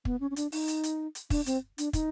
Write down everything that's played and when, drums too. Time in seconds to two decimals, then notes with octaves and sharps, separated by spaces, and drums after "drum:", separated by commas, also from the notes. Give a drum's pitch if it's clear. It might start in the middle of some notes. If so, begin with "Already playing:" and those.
0.05 B3, drum: kick
0.20 C#4
0.31 C#4
0.36 D4, drum: hi-hat
0.52 D#4, drum: open hi-hat
0.68 drum: hi-hat
0.83 drum: hi-hat
1.15 drum: hi-hat
1.30 D4, drum: kick, open hi-hat
1.46 C4, drum: hi-hat
1.78 D4, drum: hi-hat
1.93 D#4, drum: kick, hi-hat